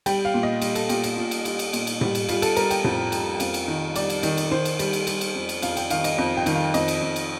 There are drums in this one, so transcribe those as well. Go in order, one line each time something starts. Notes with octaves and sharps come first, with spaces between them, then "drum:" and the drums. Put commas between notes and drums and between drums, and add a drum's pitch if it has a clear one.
G3 G5, drum: cymbal
F5
A#2
D#5
G3, drum: cymbal
A4, drum: cymbal
A#2 G4, drum: cymbal
F4, drum: cymbal
A#2 F4
drum: cymbal
G3, drum: cymbal
drum: cymbal
A#2, drum: cymbal
drum: cymbal
G3, drum: tom A2
drum: cymbal
G3 F4, drum: cymbal
A4, drum: cymbal
G3 A#4, drum: cymbal
G5, drum: cymbal
F2, drum: tom A2
G3 G5, drum: cymbal
G5
F2 F5, drum: cymbal
drum: cymbal
D#3
G3 D5, drum: cymbal
drum: cymbal
D#3, drum: cymbal
drum: cymbal
D#3 C5
drum: cymbal
G3, drum: cymbal
drum: cymbal
G3, drum: cymbal
drum: cymbal
F2
drum: cymbal
F2 F5, drum: cymbal
G5, drum: cymbal
D#3 F5, drum: cymbal
D#5, drum: cymbal
F2 D#5
G5
D#3, drum: cymbal
F5
F2 D#5, drum: cymbal
drum: cymbal
F2
drum: cymbal